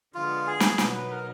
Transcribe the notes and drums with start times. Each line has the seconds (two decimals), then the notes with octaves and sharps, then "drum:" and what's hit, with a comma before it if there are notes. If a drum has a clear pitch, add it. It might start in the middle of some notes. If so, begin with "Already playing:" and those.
0.15 D3 F3 G#3 B3 F4
0.47 G#4
0.60 drum: snare
0.78 B2 F#3 B3 D#4, drum: snare
0.95 B4
1.11 A#4